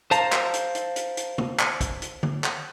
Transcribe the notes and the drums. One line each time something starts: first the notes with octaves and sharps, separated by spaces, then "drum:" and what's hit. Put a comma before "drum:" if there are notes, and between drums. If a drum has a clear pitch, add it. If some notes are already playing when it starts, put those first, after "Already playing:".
C5 F5 A5 A#5, drum: hi-hat
drum: clap
drum: hi-hat
drum: hi-hat
drum: hi-hat
drum: hi-hat
drum: tom
drum: clap
drum: kick, hi-hat
drum: hi-hat
drum: tom
drum: clap